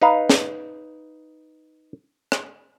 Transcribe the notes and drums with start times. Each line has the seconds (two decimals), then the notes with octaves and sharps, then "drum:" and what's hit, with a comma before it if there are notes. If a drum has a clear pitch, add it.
0.02 D#4 B4 F5
0.30 drum: snare
2.32 drum: rim click